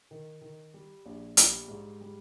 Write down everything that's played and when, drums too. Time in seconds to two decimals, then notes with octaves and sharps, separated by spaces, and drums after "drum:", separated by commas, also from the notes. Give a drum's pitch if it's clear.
0.11 D#3
0.41 D#3
0.74 G3
1.06 A#1
1.37 G3, drum: hi-hat
1.68 G#2
2.01 G3